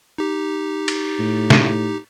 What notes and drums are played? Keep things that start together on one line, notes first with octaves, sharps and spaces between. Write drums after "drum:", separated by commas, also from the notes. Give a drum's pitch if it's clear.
D#4 G4
drum: cymbal
A2
drum: snare